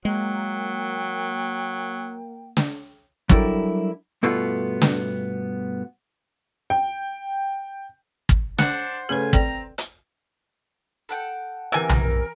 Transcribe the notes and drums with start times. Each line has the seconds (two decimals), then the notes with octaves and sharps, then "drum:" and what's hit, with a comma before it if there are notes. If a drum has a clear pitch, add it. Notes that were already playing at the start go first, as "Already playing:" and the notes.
0.05 F#3 G#3 A#3 G5
2.57 drum: snare
3.29 F#3 G3 D4 E4 A4 A#4, drum: kick
4.23 G2 B2 A3 B3 F4
4.82 drum: snare
6.70 G5
8.29 drum: kick
8.58 D4 C5 F#5, drum: snare
9.09 C#3 A3 A4 B4 G#5
9.33 C4 A4 D5 G5 A#5, drum: kick
9.78 drum: hi-hat
11.09 A4 F#5 G5
11.72 C3 E3 A#4 G#5 E6
11.89 drum: tom B1